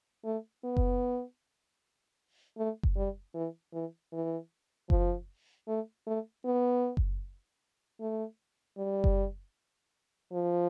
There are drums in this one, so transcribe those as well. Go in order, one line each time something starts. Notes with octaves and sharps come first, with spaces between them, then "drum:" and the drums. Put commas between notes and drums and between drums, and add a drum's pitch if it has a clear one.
A3
B3
drum: kick F#1
A3
drum: kick F#1
G3
E3
E3
E3
F3, drum: kick F#1
A3
A3
B3
drum: kick F#1
A3
G3
drum: kick F#1
F3